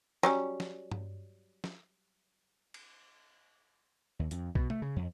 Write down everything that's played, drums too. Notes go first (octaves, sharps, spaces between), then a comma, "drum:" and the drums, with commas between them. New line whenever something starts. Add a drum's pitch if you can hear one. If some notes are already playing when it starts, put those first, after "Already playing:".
F#3 G3 C#4, drum: snare
drum: snare
drum: tom G2
drum: snare
drum: cymbal
D#2
F2, drum: hi-hat
B2, drum: kick B1
A3, drum: tom C3
C#3
F2